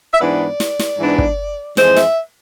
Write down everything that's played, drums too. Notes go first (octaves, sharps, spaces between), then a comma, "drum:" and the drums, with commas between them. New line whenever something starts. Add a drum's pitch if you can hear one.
E5
G#2 E3 B3 D4 D5
drum: snare
drum: snare
G#2 E3 B3 D4
drum: kick
F2 E3 G#3 C5, drum: snare
E5, drum: snare